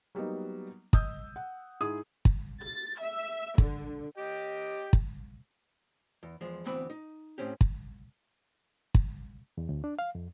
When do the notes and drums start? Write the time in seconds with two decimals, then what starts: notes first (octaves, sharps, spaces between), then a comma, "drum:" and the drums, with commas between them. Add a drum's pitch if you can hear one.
0.15 F#3 G3 A#3 B3 D#4
0.93 D#5 D#6 E6 G6, drum: kick
1.36 F#5
1.81 G#2 E4 G#4 D#6
2.25 drum: kick
2.61 A6
2.99 E5
3.58 D3, drum: kick
4.18 G4 D#5 G5
4.93 drum: kick
6.23 E2
6.41 E2 F3 G#3
6.65 D2 E3 B3 C4 B5
6.90 D#4
7.38 A2 C4 C#4 G4
7.61 drum: kick
8.95 drum: kick
9.58 E2
9.69 D2
9.84 D4
9.99 F5
10.15 F2